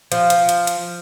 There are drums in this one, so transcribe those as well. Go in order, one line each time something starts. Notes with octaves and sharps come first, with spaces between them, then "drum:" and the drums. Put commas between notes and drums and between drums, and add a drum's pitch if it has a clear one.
F3, drum: hi-hat
drum: hi-hat
drum: hi-hat
drum: hi-hat